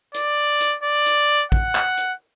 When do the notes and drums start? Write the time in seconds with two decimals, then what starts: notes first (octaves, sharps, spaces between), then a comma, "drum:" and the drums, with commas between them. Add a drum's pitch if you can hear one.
0.14 D5, drum: hi-hat
0.61 drum: hi-hat
0.84 D5
1.06 drum: hi-hat
1.52 F#5, drum: kick
1.75 drum: clap
1.98 drum: hi-hat